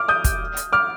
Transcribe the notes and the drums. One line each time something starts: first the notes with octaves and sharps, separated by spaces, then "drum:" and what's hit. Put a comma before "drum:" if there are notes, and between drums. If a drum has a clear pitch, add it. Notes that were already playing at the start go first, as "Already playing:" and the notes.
Already playing: D6 F6
D#6 G6
drum: kick, hi-hat
drum: hi-hat
D6 F6